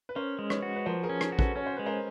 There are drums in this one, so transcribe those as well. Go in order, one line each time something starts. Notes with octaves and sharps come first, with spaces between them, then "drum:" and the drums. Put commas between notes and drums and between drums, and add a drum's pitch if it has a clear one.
B4
C#4 A#4 C5
G#3
B4 C#5, drum: rim click
F#4
B4
F3 A#4 C5
G#4 A#4
C#4
drum: rim click
F#4
A4 B4, drum: kick
C#4 C#5
C5
G#3 B4
A#4 C5